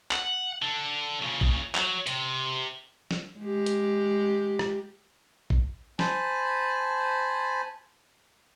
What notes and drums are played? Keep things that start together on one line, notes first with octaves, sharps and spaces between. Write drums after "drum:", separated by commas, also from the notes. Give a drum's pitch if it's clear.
F#5, drum: clap
D3 D4
A#2 C#3
drum: kick
F#3, drum: clap
C3, drum: hi-hat
drum: snare
G#3 G4
drum: hi-hat
drum: rim click
drum: kick
C5 G#5 A5 B5, drum: snare